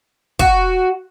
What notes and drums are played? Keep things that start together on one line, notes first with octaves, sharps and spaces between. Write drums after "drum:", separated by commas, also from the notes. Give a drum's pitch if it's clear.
F#4, drum: kick